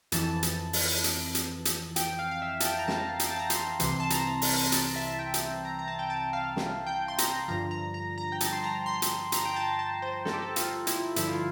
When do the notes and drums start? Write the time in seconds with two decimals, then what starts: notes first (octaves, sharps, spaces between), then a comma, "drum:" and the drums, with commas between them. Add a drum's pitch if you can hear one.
0.12 F2 E3 A5, drum: hi-hat
0.43 drum: hi-hat
0.73 drum: open hi-hat
1.04 drum: hi-hat
1.35 drum: hi-hat
1.65 drum: hi-hat
1.96 G5, drum: hi-hat
2.19 F5
2.31 F5
2.42 E5
2.60 A5, drum: hi-hat
2.65 G5
2.79 A#5
2.88 A5, drum: snare
3.09 F5
3.20 G5, drum: hi-hat
3.30 A5
3.39 A#5
3.50 C6, drum: hi-hat
3.80 C2 C3 E3 C6, drum: hi-hat
4.00 A5
4.10 A#5, drum: hi-hat
4.42 drum: open hi-hat
4.72 A5, drum: hi-hat
4.96 E5
5.09 A5
5.19 G5
5.34 drum: hi-hat
5.65 A#5
5.79 A#5
5.88 A5
5.99 G5
6.10 A5
6.33 F5
6.56 drum: snare
6.87 G5
7.08 C6
7.18 A#5, drum: hi-hat
7.48 G2 D3 F3 A#5
7.71 A#5
7.94 A#5
8.18 A#5
8.32 G5
8.41 A5, drum: hi-hat
8.53 C6
8.64 A#5
8.86 C6
9.02 drum: hi-hat
9.32 A#5, drum: hi-hat
9.45 G5
9.56 A5
9.79 A5
10.02 C5
10.25 A4, drum: snare
10.33 G4
10.42 A4
10.56 F4, drum: hi-hat
10.87 E4, drum: hi-hat
11.16 G2 D3 F3 E4, drum: hi-hat
11.29 F4